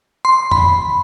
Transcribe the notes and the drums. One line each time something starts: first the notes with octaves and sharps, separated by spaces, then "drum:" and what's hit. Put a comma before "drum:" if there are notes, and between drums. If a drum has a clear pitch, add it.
C6
B5, drum: tom F2